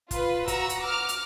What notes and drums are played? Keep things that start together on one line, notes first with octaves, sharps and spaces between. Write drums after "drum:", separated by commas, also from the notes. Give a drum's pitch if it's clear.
F4 B4, drum: kick, hi-hat
F#4 A#5 E6, drum: kick, hi-hat
drum: hi-hat
D6 F6
drum: hi-hat